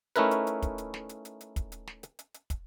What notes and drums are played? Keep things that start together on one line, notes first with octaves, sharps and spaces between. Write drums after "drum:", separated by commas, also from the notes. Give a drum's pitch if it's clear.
A3 C#4 D#4 E4 A#4 B4, drum: hi-hat
drum: hi-hat
drum: hi-hat
drum: kick, hi-hat
drum: hi-hat
drum: snare
drum: hi-hat
drum: hi-hat
drum: hi-hat
drum: kick, hi-hat
drum: hi-hat
drum: snare
drum: hi-hat
drum: hi-hat
drum: hi-hat
drum: kick, hi-hat